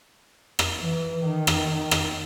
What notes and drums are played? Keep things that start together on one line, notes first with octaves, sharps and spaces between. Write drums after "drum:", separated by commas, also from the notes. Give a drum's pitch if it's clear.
drum: rim click
E3
D#3
drum: rim click
drum: rim click